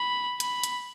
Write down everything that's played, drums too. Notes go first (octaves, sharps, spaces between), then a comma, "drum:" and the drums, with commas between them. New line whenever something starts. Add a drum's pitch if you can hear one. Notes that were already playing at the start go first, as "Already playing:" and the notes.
Already playing: B5
B5, drum: hi-hat
drum: hi-hat